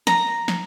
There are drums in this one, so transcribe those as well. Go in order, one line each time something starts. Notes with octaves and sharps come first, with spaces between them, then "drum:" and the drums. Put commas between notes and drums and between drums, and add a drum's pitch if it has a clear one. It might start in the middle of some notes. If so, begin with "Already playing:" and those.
A#5, drum: snare
drum: snare